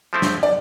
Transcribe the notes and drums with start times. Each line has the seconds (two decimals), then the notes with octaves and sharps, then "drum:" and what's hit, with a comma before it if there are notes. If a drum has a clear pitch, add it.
0.13 F3 A3 C4 E4
0.22 drum: snare
0.43 D5